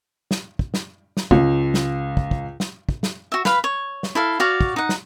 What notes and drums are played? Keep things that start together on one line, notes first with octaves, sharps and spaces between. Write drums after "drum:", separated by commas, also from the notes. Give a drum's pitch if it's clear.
drum: snare
drum: kick
drum: snare
drum: snare
C#2, drum: kick
drum: snare
drum: kick
drum: kick
drum: snare
drum: kick
drum: snare
F#4 E5
B4 F5 B5, drum: snare
C#5
drum: snare
E4 A4 F5
F#4 C#5 D5 F5
drum: kick
D#4 F#5
drum: snare